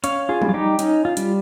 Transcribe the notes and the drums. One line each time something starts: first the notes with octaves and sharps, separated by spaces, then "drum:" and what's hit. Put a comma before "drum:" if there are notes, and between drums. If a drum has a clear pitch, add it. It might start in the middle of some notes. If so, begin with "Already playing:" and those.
C#4 C#5 F5, drum: hi-hat
F4 G#4
G3, drum: tom
F4
D#4 G4
C#4 D#4, drum: hi-hat
F4
G3, drum: hi-hat